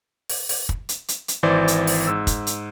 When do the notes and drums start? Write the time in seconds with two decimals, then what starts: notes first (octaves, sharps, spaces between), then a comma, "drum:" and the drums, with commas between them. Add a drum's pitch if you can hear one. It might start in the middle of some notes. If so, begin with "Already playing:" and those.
0.29 drum: open hi-hat
0.49 drum: open hi-hat
0.69 drum: kick
0.89 drum: hi-hat
1.08 drum: hi-hat
1.28 drum: hi-hat
1.43 G#1 E3 C5 D5 G6
1.68 drum: hi-hat
1.87 drum: open hi-hat
2.07 G#2 E6
2.27 drum: kick, hi-hat
2.47 drum: hi-hat